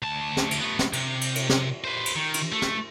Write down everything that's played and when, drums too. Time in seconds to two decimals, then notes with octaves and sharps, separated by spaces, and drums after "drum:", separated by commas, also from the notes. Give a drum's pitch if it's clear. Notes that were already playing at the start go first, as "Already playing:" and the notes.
0.02 D2 A5
0.37 drum: snare
0.51 drum: cymbal
0.61 A3 B3
0.79 drum: snare
0.93 C3, drum: cymbal
1.21 drum: cymbal
1.35 drum: cymbal
1.49 drum: snare
1.84 B4 C5
2.06 drum: cymbal
2.15 D#3
2.34 drum: cymbal
2.52 A3
2.62 drum: snare